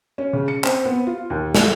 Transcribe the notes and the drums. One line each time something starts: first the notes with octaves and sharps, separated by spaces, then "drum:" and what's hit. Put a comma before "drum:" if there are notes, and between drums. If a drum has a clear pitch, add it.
C#4
C#3
C#7
C4, drum: clap
B3
F4
D#2
A3, drum: snare